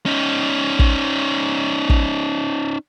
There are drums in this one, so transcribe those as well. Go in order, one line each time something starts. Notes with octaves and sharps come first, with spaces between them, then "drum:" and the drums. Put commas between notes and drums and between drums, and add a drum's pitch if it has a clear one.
C#4 D#4
drum: kick
drum: kick